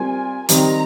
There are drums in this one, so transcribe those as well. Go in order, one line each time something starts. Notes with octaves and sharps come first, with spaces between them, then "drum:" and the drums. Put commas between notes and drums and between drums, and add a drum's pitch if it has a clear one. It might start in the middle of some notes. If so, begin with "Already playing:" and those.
Already playing: G3 C4 F4 A#4 G#5
D#3 G3 C4 A#5, drum: hi-hat